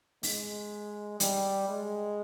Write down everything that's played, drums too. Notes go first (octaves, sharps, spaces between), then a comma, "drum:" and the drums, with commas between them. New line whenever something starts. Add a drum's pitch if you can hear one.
G#3, drum: open hi-hat
G3, drum: hi-hat
G#3